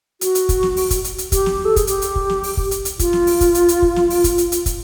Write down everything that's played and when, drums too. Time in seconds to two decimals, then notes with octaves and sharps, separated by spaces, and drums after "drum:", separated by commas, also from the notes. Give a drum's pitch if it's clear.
0.21 F#4, drum: hi-hat
0.35 drum: hi-hat
0.49 drum: kick, hi-hat
0.63 drum: snare
0.77 drum: open hi-hat
0.91 drum: kick, hi-hat
1.04 drum: hi-hat
1.18 drum: hi-hat
1.32 G4, drum: kick, hi-hat
1.46 drum: snare
1.65 A4
1.76 G#4, drum: kick, hi-hat
1.87 G4, drum: hi-hat
2.02 drum: hi-hat
2.16 drum: kick
2.29 drum: snare
2.43 drum: open hi-hat
2.57 drum: kick
2.71 drum: hi-hat
2.85 drum: hi-hat
2.99 F4, drum: kick, hi-hat
3.13 drum: snare
3.27 drum: open hi-hat
3.41 drum: kick, hi-hat
3.55 drum: hi-hat
3.68 drum: hi-hat
3.82 drum: kick
3.96 drum: snare
4.10 drum: open hi-hat
4.24 drum: kick, hi-hat
4.38 drum: hi-hat
4.52 drum: hi-hat
4.66 drum: kick, hi-hat